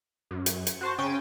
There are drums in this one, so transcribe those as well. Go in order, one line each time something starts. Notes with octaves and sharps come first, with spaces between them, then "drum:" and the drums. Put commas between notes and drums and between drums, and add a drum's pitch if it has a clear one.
F#2
drum: hi-hat
C#7, drum: hi-hat
F#4 C5 A5
C#3 C#4 G5 G#5 G6 A6